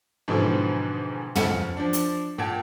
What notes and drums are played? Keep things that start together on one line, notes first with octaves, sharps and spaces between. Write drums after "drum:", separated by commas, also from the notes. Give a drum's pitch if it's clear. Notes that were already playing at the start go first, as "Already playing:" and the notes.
G#2 B2 D3 E3 F3 C4
C#2 C#3 F3 A4 F#5 C#7, drum: tom
F3 D4
drum: hi-hat
A#2 F#5 G5 A5 G#6